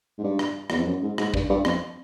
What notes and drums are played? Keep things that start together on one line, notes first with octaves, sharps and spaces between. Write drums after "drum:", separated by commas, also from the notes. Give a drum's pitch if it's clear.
G#2
G2
drum: rim click
E2, drum: rim click
F2
F#2
G#2
G#2, drum: rim click
G2, drum: kick
G2
F2, drum: rim click